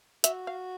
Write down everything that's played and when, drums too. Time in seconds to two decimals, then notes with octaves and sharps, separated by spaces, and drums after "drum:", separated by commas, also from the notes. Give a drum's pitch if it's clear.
0.24 F#4 E5, drum: hi-hat
0.47 F5